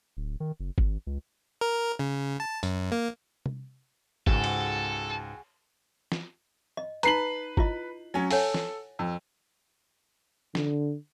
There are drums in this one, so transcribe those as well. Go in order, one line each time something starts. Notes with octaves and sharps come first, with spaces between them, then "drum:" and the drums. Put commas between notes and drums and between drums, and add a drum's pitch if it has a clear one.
D1
D#3
F#1
G#1, drum: kick G#1
C#2
A#4
C#3
A5
F#2, drum: tambourine
A#3
drum: tom C3
C#2 G#2 F#4 G#4 A4, drum: kick G#1
drum: cymbal
drum: snare
D#5
D#4 B4 A#5 C7 F#7, drum: hi-hat
E4 F4 D#5, drum: kick G#1
F#3 C#4
A4 C#5 F#5 G#5, drum: open hi-hat
drum: snare
F2
D3, drum: snare